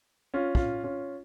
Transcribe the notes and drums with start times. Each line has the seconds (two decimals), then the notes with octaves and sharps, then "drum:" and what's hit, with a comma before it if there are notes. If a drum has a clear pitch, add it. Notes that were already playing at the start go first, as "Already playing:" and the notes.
0.34 C#4 F4
0.55 C#4 F4, drum: kick
0.84 C#4 F4